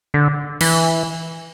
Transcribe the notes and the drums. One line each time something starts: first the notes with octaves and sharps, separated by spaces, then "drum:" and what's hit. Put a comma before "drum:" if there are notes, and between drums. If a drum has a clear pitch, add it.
D3
E3, drum: cymbal